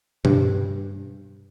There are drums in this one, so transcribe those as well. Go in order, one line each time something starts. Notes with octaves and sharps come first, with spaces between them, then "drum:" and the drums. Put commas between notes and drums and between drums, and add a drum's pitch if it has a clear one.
G2, drum: tom B2